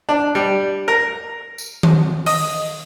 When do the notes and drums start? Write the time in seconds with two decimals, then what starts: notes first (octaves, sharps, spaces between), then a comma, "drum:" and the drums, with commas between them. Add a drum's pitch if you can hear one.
0.09 D4
0.35 G3
0.88 A#4
1.58 drum: tambourine
1.83 drum: tom D#3
2.26 D#5, drum: open hi-hat